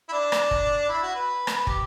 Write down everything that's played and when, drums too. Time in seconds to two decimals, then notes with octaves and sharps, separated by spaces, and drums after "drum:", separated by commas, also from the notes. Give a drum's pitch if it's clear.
0.09 E4
0.12 D4
0.32 drum: rim click
0.51 drum: kick
0.89 E4
1.03 F#4
1.15 B4
1.47 drum: rim click
1.67 G4, drum: kick